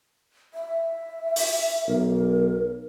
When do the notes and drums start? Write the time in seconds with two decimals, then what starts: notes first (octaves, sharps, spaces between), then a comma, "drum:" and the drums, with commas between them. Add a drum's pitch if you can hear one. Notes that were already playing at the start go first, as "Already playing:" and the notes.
0.54 E5
1.36 drum: open hi-hat
1.87 B1 A#4